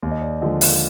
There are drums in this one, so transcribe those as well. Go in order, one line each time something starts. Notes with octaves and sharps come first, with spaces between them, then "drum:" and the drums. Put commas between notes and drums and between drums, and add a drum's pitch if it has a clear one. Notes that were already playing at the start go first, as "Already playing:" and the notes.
D#2
D#5
D5
D3 F3 G#3 D#5
F5, drum: open hi-hat